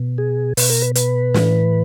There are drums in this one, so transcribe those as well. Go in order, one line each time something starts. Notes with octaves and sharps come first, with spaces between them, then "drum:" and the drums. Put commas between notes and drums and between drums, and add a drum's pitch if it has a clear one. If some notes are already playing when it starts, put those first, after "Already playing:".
Already playing: B2
G#4
B2 B4, drum: open hi-hat
A#4
B4
B4, drum: hi-hat
A2 E3, drum: snare